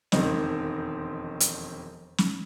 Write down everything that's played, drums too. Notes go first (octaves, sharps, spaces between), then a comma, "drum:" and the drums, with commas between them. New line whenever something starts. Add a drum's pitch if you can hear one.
E1 F2 D#3 C4 D#5, drum: snare
drum: hi-hat
drum: snare